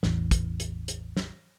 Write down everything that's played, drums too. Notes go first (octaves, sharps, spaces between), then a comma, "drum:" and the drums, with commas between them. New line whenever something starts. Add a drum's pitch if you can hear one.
A1 E2, drum: snare
drum: kick, hi-hat
drum: hi-hat
drum: hi-hat
drum: snare